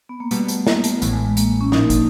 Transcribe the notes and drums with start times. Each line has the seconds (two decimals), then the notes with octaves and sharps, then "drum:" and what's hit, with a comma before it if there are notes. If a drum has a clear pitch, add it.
0.09 B3
0.20 A#3
0.31 B2 G3 A3 B3, drum: hi-hat
0.48 A3, drum: hi-hat
0.67 A#3, drum: snare
0.84 A3, drum: hi-hat
1.02 A1 A2 E3 A3, drum: hi-hat
1.13 G#3
1.25 G#3
1.37 A#3, drum: hi-hat
1.61 C#4
1.72 A#2 F3 A#3 D4 D#4, drum: snare
1.90 drum: kick, hi-hat